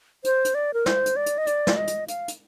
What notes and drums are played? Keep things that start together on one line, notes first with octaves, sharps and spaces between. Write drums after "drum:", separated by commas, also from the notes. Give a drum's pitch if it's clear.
C5, drum: hi-hat
drum: hi-hat
D5
A#4
C5, drum: snare
drum: hi-hat
D5
drum: hi-hat
D#5
D5, drum: hi-hat
drum: snare
D#5
drum: hi-hat
F5, drum: hi-hat
drum: hi-hat